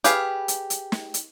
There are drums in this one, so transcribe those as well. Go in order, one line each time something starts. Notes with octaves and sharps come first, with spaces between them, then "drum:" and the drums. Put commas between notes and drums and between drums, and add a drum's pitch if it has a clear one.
G4 G#4 B4 F5, drum: hi-hat
drum: hi-hat
drum: hi-hat
drum: snare
drum: hi-hat